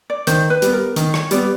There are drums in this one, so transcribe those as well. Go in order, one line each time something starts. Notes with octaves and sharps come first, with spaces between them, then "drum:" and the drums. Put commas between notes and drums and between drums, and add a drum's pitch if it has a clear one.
D5
D#3 C5, drum: hi-hat
B4
G3 B3, drum: hi-hat
A#4
D#3, drum: hi-hat
C#5, drum: rim click
G3 B3 D5, drum: hi-hat